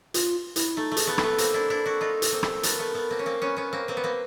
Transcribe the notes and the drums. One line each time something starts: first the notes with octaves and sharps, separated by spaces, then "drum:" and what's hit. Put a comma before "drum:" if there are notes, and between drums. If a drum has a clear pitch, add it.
F4, drum: hi-hat
E4, drum: hi-hat
A3 D#4
A3
G#4, drum: hi-hat
A3 B3
A4, drum: rim click
A3 B3
A#3 C4, drum: hi-hat
D4 E4
D4 E4
E4 F#4
D#4 F4
drum: hi-hat
A#3 C4
drum: rim click
A3 B3 A#4, drum: hi-hat
A3 B3
A3 B3
A#3 C4
C#4
A#3 C4
B3 C#4
B3 C#4
A#3 C4
A#3 C4 B4
B3
A#3 C4